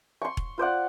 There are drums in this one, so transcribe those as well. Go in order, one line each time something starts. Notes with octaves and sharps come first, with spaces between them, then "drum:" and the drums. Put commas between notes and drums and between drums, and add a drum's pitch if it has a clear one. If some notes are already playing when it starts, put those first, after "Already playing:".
C6 C#6
drum: kick E1
F4 C5 D5 F#5